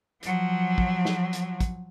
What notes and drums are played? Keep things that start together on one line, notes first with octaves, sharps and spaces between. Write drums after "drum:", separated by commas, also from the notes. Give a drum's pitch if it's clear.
F3 F#3, drum: hi-hat
drum: kick
drum: snare
drum: hi-hat
drum: kick, hi-hat